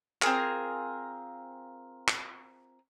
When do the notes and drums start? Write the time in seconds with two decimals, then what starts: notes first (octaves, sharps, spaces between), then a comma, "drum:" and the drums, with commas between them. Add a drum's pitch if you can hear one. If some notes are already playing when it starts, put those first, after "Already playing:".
0.22 C4 F4 G#4 A#4, drum: clap
2.08 drum: clap